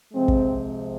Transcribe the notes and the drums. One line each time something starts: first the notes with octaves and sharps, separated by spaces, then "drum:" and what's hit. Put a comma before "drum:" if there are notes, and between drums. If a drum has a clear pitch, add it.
C3 F3 G#3 C4
drum: kick